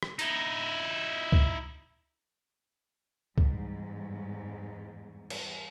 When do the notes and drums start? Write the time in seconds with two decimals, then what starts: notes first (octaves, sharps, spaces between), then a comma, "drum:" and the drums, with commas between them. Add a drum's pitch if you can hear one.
0.03 drum: rim click
0.19 D#4 E4, drum: hi-hat
1.32 drum: kick C#2
3.38 E2 G#2 G3, drum: kick C#2
5.30 drum: cymbal